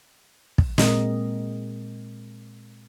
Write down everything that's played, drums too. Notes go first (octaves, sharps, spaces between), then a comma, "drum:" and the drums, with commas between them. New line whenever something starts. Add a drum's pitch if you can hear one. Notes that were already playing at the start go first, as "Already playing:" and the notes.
drum: kick
A#2 G#3 C4 A#4 D#5, drum: snare